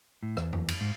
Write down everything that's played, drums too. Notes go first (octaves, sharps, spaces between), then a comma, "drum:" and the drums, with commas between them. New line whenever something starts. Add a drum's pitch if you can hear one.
A2
E2, drum: rim click
drum: tom F2
drum: cymbal
G#2